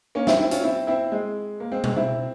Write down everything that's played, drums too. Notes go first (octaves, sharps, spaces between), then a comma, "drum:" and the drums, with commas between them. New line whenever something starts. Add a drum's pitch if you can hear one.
A#3 C#4
C4 E4, drum: snare
C4 E4
C#4 F4, drum: hi-hat
C4 E4
C4 E4
G#3
A#3
G#3 C4
G#3 C4, drum: tom B2
C4 E4